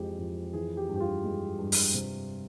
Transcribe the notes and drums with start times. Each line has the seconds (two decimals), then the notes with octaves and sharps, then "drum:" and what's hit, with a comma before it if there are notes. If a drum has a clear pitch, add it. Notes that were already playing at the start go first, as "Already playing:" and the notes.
Already playing: F2 E3 G#3 G4
0.18 F2
0.54 E3 G#4
0.77 G4
0.89 G2
0.96 G4
1.00 F4
1.24 G#3
1.59 G2
1.72 drum: open hi-hat
1.94 C3